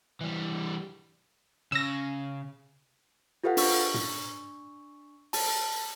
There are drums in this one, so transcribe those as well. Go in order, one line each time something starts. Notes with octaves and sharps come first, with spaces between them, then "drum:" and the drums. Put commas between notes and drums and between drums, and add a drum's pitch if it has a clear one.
E3 G3
C#3 E6 A#6
F4 G4 A4 B4 F5 F#5
D4 C#6 E6, drum: open hi-hat
drum: tom
A5, drum: open hi-hat